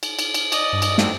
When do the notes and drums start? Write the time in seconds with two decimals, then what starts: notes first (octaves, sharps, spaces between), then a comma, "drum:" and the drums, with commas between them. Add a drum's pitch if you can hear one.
0.03 drum: cymbal
0.19 drum: cymbal
0.34 drum: cymbal
0.52 D5 D#5, drum: cymbal
0.73 G2
0.82 drum: cymbal
0.98 D3 D#3 C4, drum: snare